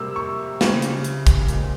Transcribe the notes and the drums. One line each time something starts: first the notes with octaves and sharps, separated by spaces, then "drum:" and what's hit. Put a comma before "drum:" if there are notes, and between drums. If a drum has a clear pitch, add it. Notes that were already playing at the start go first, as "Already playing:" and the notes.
Already playing: C3 G3 A#3 E6
C#6
C#3 G3 C4, drum: snare
drum: hi-hat
drum: hi-hat
drum: kick, hi-hat
A#2 G#3 C4, drum: hi-hat